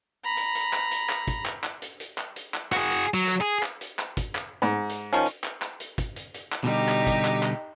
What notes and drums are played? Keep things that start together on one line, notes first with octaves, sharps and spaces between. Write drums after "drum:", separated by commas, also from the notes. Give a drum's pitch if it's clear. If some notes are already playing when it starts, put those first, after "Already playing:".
A#5 B5
drum: hi-hat
drum: hi-hat
drum: clap
drum: hi-hat
drum: clap
drum: kick, hi-hat
drum: clap
drum: clap
drum: hi-hat
drum: hi-hat
drum: clap
drum: hi-hat
drum: clap
F#4 G#4, drum: clap
drum: hi-hat
F#3
drum: hi-hat
G#4
drum: clap
drum: hi-hat
drum: clap
drum: kick, hi-hat
drum: clap
G#2
drum: hi-hat
D#3 F3 C#4
drum: hi-hat
drum: clap
drum: clap
drum: hi-hat
drum: kick, hi-hat
drum: hi-hat
drum: hi-hat
drum: clap
B2 D3 G3 D#4 G4
drum: clap
drum: kick, hi-hat
drum: clap
drum: clap